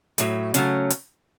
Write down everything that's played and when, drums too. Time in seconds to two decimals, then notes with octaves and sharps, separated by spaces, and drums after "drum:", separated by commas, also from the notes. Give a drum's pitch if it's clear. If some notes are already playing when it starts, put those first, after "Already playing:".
0.18 A2 F#3 A3, drum: hi-hat
0.54 C#3 F#3 A3 C#4, drum: hi-hat
0.90 drum: hi-hat